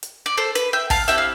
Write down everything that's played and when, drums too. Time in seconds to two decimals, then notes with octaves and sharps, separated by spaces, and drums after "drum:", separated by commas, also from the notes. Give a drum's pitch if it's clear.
0.03 drum: hi-hat
0.26 D5
0.37 A4 C5
0.55 B4, drum: hi-hat
0.73 E5 G5
0.90 F5 A5, drum: kick, open hi-hat
1.08 C4 E4 G4 E5 G5, drum: hi-hat
1.18 F5